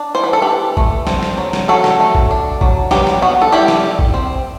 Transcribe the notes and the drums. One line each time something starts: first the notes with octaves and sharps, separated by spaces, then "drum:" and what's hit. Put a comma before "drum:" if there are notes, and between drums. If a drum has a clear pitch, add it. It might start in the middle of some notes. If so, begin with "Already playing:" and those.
Already playing: D4
E3 C5
B4
A4
E3 G4 B4
A3, drum: kick
C4, drum: snare
drum: snare
F#3
drum: snare
F#3 F#4 A4
drum: snare
A3
drum: kick
D4
F#3, drum: kick
F#3 G4 B4, drum: snare
drum: snare
B3 F#4
A4
G3 E4 G4
drum: snare
G3
drum: kick
C4